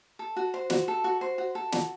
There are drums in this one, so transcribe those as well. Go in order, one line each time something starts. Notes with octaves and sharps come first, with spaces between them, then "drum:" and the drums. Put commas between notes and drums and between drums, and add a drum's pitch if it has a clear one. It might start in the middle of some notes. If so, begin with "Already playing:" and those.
A4
F#4
C5
F#4, drum: snare
A4
F#4
C5
F#4
A4
F#4, drum: snare